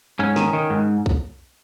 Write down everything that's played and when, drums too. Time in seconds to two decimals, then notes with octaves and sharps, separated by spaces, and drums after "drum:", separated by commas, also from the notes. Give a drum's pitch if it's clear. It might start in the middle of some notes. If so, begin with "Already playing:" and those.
0.19 G#2 C#4
0.36 D#3, drum: snare
0.53 D#3
0.70 G#2
1.06 drum: kick B1